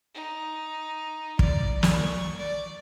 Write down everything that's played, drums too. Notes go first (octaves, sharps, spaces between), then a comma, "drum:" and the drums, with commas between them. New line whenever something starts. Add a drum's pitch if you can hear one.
D#4
D5, drum: kick
C#6, drum: snare
D5